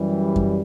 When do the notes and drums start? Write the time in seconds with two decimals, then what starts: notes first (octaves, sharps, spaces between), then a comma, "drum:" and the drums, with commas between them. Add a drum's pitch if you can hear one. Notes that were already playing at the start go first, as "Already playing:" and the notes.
Already playing: F#2 E3 G3
0.36 drum: kick F#2